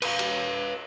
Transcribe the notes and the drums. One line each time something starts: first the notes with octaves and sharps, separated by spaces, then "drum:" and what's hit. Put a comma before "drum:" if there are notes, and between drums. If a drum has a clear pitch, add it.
B4 F5, drum: cymbal
drum: cymbal